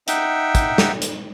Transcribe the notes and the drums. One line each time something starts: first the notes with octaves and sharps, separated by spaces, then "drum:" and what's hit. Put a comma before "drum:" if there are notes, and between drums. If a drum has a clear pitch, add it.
D#4 E5 F#5 G5, drum: hi-hat
drum: kick, hi-hat
drum: snare
drum: hi-hat